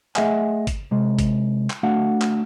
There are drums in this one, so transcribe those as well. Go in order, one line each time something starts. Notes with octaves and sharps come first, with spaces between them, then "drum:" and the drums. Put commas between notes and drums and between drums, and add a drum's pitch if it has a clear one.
A3 G#4 D#5 E5 F#5 G#5, drum: clap
drum: kick G1, hi-hat
C3 G#3
drum: kick G1, hi-hat
drum: clap
A3 D4 F#4 F5 F#5
drum: clap